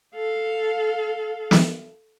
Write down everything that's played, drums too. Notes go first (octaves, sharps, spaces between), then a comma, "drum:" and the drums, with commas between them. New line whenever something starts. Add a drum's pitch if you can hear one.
A4 F5
drum: snare